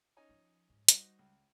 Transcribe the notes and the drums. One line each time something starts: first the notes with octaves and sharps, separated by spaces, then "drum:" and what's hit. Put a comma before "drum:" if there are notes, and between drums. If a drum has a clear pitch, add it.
C#4 D#4 G#5
F3
G#2 F3
G3 D#4 F#4 C5, drum: hi-hat
C#2